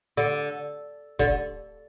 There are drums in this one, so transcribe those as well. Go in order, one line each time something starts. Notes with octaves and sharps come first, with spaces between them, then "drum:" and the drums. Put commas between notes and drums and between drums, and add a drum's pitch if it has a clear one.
D3
D3, drum: kick